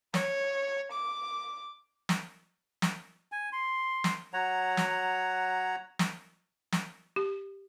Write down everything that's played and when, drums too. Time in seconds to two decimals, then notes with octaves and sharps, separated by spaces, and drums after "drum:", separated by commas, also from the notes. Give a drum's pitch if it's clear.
0.14 C#5, drum: snare
0.92 D6
2.09 drum: snare
2.82 drum: snare
3.32 G#5
3.52 C6
4.04 drum: snare
4.34 F#3 C#5 F#5 A#5
4.77 drum: snare
5.99 drum: snare
6.72 drum: snare
7.16 G4